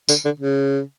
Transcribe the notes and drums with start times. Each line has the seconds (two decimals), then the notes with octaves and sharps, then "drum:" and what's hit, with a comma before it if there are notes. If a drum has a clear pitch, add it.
0.09 D3, drum: tambourine
0.25 D3
0.40 C#3